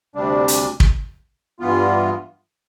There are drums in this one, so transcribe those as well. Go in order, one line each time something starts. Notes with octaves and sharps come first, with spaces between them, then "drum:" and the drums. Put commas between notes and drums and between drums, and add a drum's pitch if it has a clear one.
D2 C3 G3 D4
drum: hi-hat
drum: kick
G2 E3 B3 F4